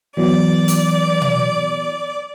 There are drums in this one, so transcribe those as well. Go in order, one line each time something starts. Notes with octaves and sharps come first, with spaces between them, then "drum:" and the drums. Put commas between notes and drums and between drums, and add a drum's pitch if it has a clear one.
E3 F#3 B3 D5
drum: hi-hat
drum: tom B2